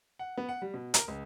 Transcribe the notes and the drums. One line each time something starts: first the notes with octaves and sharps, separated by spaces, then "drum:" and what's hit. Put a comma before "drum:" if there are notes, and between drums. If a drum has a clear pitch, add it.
F#5
B3
F#5
G3
B2
A#4, drum: hi-hat
C#2